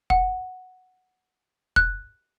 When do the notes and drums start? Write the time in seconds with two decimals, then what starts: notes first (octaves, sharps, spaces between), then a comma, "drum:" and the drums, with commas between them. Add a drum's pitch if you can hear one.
0.10 F#5, drum: kick
1.76 F#6, drum: kick